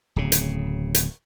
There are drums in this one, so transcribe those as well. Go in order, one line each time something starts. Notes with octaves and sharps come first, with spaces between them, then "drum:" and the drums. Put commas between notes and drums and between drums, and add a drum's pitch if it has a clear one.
D1 C#3
drum: hi-hat
drum: hi-hat